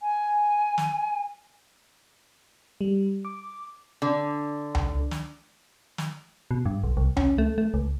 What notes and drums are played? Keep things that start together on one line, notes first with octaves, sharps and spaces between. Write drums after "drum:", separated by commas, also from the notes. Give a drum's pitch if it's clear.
G#5
drum: snare
G3
D6
D3
drum: tom C#2
drum: snare
drum: snare
B2
G2
B1
C2
C#4, drum: tom C#2
A3
A3
C#2